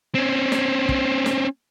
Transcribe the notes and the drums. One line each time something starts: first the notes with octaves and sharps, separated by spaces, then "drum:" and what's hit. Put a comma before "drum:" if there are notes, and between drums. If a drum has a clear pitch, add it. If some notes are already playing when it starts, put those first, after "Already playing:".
C4 C#4
drum: snare
drum: kick
drum: snare